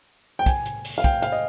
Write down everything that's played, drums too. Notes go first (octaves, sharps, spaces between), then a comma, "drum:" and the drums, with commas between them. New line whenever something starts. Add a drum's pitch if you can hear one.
G5
G#5, drum: kick, hi-hat
drum: hi-hat
drum: open hi-hat
F5
G5, drum: kick, hi-hat
F5, drum: hi-hat
D#5